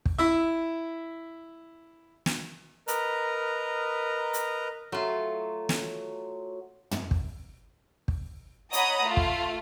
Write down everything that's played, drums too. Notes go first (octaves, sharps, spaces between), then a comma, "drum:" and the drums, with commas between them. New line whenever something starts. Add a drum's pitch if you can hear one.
drum: kick
E4 E5
drum: snare
A#4 B4 D#5 A#5, drum: hi-hat
drum: hi-hat
F#3 A3 F4 C6
drum: snare
drum: tom
drum: kick
drum: kick
C#5 D#5 F#5 A#5 B5 D#6, drum: hi-hat
A3 F4
drum: kick